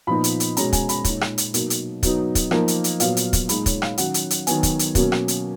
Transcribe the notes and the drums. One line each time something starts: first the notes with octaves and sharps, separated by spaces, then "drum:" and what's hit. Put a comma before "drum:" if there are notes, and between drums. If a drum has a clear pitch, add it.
A#2 F3 B3 D#4 B5
drum: hi-hat
drum: hi-hat
B2 G#3 C#4 A#5, drum: hi-hat
G#5, drum: kick, hi-hat
B5, drum: hi-hat
A#2 G#3 D#4 C#5, drum: kick, hi-hat
drum: rim click
drum: hi-hat
B2 F#3 A#3 D#4, drum: hi-hat
drum: hi-hat
B2 F#3 B3 D#4, drum: kick, hi-hat
drum: kick, hi-hat
F3 A#3 D#4, drum: rim click
drum: hi-hat
drum: hi-hat
A#2 F#3 B3 F5, drum: hi-hat
drum: hi-hat
drum: kick, hi-hat
A#2 G#3 D#4 B5, drum: hi-hat
C#5, drum: kick, hi-hat
F5, drum: rim click
D#3 F#3 C#4 F#5, drum: hi-hat
drum: hi-hat
drum: hi-hat
D#3 F#3 B3 G#5, drum: hi-hat
drum: kick, hi-hat
drum: hi-hat
B2 F#3 A#3 C#4, drum: kick, hi-hat
drum: rim click
drum: hi-hat